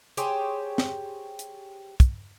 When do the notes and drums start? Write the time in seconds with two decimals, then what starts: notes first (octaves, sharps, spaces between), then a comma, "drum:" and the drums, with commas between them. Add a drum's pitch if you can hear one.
0.17 G4 G#4 C5 C#5, drum: hi-hat
0.78 drum: snare
1.39 drum: hi-hat
2.00 drum: kick, hi-hat